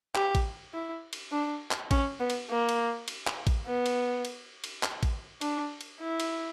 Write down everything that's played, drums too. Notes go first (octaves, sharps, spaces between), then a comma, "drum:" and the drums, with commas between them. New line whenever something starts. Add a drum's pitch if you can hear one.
G4, drum: clap
drum: kick A1, cymbal
E4
drum: cymbal
D4
drum: clap
C#4, drum: kick A1, cymbal
B3
drum: cymbal
A#3
drum: cymbal
drum: cymbal
drum: clap
drum: kick A1, cymbal
B3
drum: cymbal
drum: cymbal
drum: cymbal
drum: clap
drum: kick A1, cymbal
D4, drum: cymbal
drum: cymbal
E4
drum: cymbal